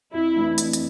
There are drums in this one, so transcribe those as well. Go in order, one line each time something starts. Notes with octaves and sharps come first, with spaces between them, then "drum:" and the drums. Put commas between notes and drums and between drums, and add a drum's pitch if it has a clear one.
F2 E4
E3 A3 D4
F2, drum: hi-hat
drum: hi-hat